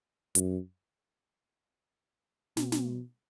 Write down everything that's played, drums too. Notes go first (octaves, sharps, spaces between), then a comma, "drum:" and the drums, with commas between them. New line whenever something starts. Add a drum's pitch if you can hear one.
F#2, drum: hi-hat
B2, drum: snare
drum: snare